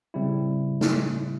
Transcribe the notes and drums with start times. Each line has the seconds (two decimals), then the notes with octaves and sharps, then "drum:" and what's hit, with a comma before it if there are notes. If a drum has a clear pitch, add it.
0.14 C#3 G3 C4 E4
0.81 drum: snare